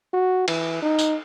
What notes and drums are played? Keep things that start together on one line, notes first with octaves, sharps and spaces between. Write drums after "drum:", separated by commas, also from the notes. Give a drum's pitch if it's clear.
F#4
E3, drum: cymbal
D#4
drum: tambourine